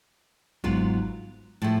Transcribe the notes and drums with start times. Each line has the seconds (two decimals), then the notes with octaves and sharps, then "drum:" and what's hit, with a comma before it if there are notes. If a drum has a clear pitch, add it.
0.64 G#2 F#3 B3 F4, drum: kick
1.62 A2 F3 A3